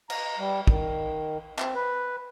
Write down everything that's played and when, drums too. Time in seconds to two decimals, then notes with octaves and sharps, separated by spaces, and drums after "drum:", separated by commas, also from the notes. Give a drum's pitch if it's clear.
0.10 A#5, drum: cymbal
0.39 G3
0.67 D#3, drum: kick
1.59 C4, drum: clap
1.75 B4